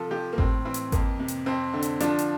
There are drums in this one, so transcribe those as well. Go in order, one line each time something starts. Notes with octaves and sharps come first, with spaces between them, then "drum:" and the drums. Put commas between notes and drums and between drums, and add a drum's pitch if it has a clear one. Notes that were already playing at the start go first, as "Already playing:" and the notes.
Already playing: C3 F3 A4
F3 G4
A#3
A2 C4, drum: kick G#1
E3 C4
drum: hi-hat
F2 A#3, drum: kick G#1, hi-hat
C3
drum: hi-hat
F2 C4
D3
drum: hi-hat
F3 D4, drum: hi-hat
drum: hi-hat